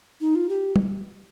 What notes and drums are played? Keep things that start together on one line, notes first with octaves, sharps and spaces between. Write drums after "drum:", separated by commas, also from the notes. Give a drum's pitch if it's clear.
D#4
F4
G4
drum: tom G3